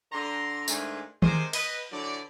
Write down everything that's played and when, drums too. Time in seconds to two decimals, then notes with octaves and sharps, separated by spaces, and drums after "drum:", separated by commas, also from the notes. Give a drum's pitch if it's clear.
0.12 D3 A#5 C6
0.68 G#2 D#3 A3 D4 F4 G#4, drum: tambourine
1.22 C3 G#3 G#4 A#4 C5, drum: tom D#3
1.53 B4 D#5, drum: cymbal
1.92 D3 E3 F#3 D5